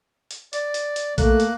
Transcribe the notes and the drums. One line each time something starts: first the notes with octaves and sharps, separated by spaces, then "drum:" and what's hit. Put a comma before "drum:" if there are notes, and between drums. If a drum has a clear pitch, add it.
drum: hi-hat
D5, drum: hi-hat
drum: hi-hat
drum: hi-hat
A3 A#3 F#6, drum: kick A#1, hi-hat
drum: hi-hat